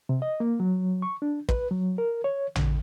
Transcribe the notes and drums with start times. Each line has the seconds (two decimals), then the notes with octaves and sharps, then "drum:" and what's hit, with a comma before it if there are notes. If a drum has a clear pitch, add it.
0.09 C3
0.22 D#5
0.40 A#3
0.60 F#3
1.02 C#6
1.22 D4
1.49 B4, drum: kick
1.71 F#3
1.98 A#4
2.24 C#5
2.56 D3, drum: tom A1